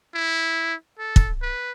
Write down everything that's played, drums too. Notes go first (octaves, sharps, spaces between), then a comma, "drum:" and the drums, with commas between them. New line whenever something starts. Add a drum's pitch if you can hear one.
E4
A4
drum: kick
B4